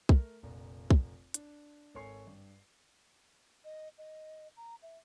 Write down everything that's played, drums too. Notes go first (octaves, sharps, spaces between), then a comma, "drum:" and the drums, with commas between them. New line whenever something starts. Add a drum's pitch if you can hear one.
A3 A#4, drum: kick
F1 A#1
drum: kick
D4, drum: hi-hat
G#1 A4 C#5 G#5 C#6 C7
G2
D#5
D#5
A#5
E5